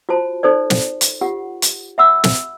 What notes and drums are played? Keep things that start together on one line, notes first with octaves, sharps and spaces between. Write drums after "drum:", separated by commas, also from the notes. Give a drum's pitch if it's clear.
F4 F#4 C5 A5
D#4 A4 C5 D5
drum: snare
drum: hi-hat
F4 G4 F#5
drum: hi-hat
E5 F#5 B5 E6
drum: snare